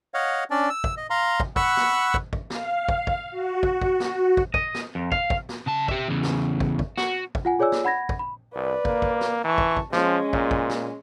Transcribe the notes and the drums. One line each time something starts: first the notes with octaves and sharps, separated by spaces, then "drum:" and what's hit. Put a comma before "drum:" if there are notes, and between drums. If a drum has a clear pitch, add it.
C#5 D#5 F5 F#5
C#4 D4 D5
E6
drum: kick
D#5
F5 A#5 C6
drum: kick
F#5 B5 C#6 E6 F#6, drum: kick
drum: snare
drum: kick
drum: kick
F5, drum: snare
drum: kick
drum: kick
F#4
drum: kick
drum: kick
drum: snare
drum: kick
D#5, drum: kick
drum: snare
F2
F5, drum: kick
drum: kick
drum: snare
C#3 A5
G4 E5, drum: kick
E2 C#3
drum: snare
drum: kick
drum: kick
F#4, drum: snare
drum: kick
F4 F#5 G#5
F4 G#4 C#5 D5 G#5 E6
drum: snare
F#5 B5 G#6 A#6
drum: kick
B5
C2 B4 D5
A#3, drum: kick
drum: kick
drum: snare
E3 A5 C#6
drum: kick
drum: kick
F3 G#3 C#4, drum: snare
A#2, drum: kick
drum: kick
drum: snare